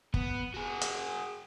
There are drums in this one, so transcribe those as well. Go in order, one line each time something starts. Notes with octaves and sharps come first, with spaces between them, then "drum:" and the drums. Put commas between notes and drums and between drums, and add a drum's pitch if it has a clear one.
B3, drum: kick
F#4 G#4
drum: hi-hat